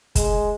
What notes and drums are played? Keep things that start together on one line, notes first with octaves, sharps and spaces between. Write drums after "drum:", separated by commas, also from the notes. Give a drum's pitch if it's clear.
G#3, drum: kick, hi-hat